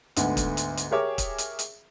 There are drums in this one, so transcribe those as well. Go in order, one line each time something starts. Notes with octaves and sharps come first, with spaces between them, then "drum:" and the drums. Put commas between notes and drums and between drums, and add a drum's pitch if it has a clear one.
D2 G#2 D3 B3 F#5, drum: hi-hat
drum: kick, hi-hat
drum: hi-hat
drum: hi-hat
G4 G#4 A#4 C#5 E5 D6
drum: kick, hi-hat
drum: hi-hat
drum: hi-hat